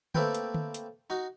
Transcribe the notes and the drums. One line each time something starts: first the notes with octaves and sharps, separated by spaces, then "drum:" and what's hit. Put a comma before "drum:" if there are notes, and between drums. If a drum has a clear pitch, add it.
A3 A#3 C4 A4 B4 G5, drum: tom D3
drum: hi-hat
drum: tom D3
drum: hi-hat
D#4 F#4